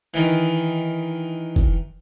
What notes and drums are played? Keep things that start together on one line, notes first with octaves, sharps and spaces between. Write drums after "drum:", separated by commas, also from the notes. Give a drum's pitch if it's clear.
D#3 E3
drum: kick F1